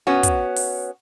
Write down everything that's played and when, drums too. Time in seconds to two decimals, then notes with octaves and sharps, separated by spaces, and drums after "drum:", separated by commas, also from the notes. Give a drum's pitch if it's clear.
0.07 B3 C#4 F#4
0.23 drum: kick, hi-hat
0.56 drum: open hi-hat